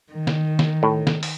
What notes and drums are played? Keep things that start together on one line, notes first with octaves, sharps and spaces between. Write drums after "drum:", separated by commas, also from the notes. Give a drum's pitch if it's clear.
D#3
drum: snare
drum: snare
A2
drum: snare
drum: open hi-hat